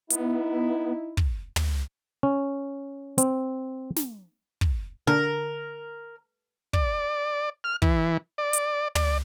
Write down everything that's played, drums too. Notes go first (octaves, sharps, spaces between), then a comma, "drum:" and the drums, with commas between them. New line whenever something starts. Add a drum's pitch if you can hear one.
B3 D#4 E4, drum: hi-hat
drum: kick
drum: tom
C#4
C4, drum: hi-hat
drum: snare
drum: kick
D3 A#4
D5, drum: kick
F6
E3, drum: kick
D5
drum: hi-hat
D5, drum: tom